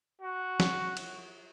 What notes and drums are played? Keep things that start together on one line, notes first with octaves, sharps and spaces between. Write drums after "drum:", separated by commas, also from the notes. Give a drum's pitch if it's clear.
F#4
drum: snare
drum: cymbal